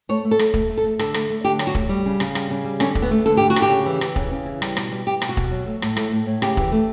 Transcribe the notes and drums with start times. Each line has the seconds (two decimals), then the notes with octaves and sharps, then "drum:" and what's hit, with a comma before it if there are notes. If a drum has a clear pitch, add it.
0.09 A3 C#5
0.25 A3
0.31 A4
0.39 A3, drum: rim click
0.54 A3, drum: kick
0.70 A3
0.78 A4
0.84 A3
0.99 D3 A4, drum: rim click
1.14 A3, drum: rim click
1.30 A3
1.44 D3 G4
1.59 F#3, drum: rim click
1.67 F#4
1.75 A3, drum: kick
1.89 G3
2.05 C#3
2.20 C#3, drum: rim click
2.35 G3, drum: rim click
2.51 C#3
2.65 G3
2.80 D3 C#4, drum: rim click
2.95 D3, drum: kick
3.02 B3
3.11 A3
3.26 D3 A4
3.37 D3 G4
3.50 F#4
3.56 D3, drum: rim click
3.62 G4
3.71 C#3
3.86 E3
4.01 E3, drum: rim click
4.16 C#3, drum: kick
4.32 C#3
4.45 E3
4.62 G3, drum: rim click
4.77 B2, drum: rim click
4.92 G3
5.06 G3 G4
5.22 B2, drum: rim click
5.29 F#4
5.37 B2, drum: kick
5.51 F#3
5.66 A3
5.82 A2, drum: rim click
5.97 A3, drum: rim click
6.12 A2
6.26 A2
6.42 C#3 G4, drum: rim click
6.57 E3, drum: kick
6.72 A3